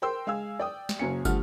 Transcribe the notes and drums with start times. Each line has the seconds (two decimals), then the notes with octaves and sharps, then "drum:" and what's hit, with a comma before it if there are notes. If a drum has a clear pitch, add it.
0.02 A#4 C5 G5 C6 E6
0.27 G#3 F5 G#5 E6
0.60 D5 G5 D#6
0.89 drum: snare
0.99 F#1 F#3 A#3 C#4 G#5 C#7
1.25 D3 F3 G3 A3 F#5 F6, drum: kick, tambourine